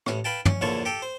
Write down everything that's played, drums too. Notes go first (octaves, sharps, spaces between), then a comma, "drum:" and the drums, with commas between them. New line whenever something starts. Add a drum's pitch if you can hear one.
A1 A2, drum: rim click
B4 F5 G5 A5
C#4, drum: tom
A#1 E2 D3 F4 C#5 A5
G4 A4 G5
C5